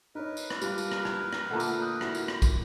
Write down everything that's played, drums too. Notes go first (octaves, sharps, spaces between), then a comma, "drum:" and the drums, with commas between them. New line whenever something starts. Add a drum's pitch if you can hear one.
D#4 A#4 B4 C#5
drum: tambourine
drum: rim click
G3 D4 F4 F5, drum: tambourine
drum: tambourine
drum: rim click
drum: rim click
drum: rim click
A#2 D3 A3 F#5 A5 A#5
drum: tambourine
D#6 F#6 G6
E4 F#4, drum: rim click
drum: tambourine
drum: rim click
drum: kick, tambourine